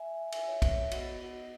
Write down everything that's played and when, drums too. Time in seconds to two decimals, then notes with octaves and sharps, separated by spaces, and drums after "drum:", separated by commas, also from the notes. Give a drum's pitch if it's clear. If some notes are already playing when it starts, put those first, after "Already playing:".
Already playing: E5 G#5
0.32 E5 G#5, drum: cymbal
0.47 C#5 E5
0.62 drum: kick, cymbal
0.91 B3 F#4 D#5 F#5, drum: cymbal
1.21 D#5 F#5